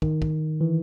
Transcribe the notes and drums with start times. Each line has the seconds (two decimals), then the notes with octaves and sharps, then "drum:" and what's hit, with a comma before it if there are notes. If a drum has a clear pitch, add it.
0.02 D#3, drum: kick
0.22 drum: kick
0.61 E3